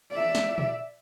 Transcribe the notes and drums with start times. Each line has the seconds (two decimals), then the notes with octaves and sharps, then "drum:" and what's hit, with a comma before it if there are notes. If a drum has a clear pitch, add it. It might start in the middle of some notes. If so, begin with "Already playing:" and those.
0.12 D5 E5
0.35 drum: snare
0.58 drum: tom A#2